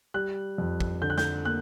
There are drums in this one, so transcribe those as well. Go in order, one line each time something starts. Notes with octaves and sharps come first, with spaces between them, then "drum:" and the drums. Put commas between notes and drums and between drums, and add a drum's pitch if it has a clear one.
G3 F#6
F2
drum: kick
D3 G6
F#6
G6, drum: snare
A#3 F#6